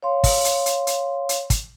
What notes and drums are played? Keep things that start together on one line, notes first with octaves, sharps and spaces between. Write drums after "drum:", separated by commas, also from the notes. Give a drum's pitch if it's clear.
C#5 F5 C6
drum: kick, open hi-hat
drum: hi-hat
drum: hi-hat
drum: hi-hat
drum: hi-hat
drum: kick, hi-hat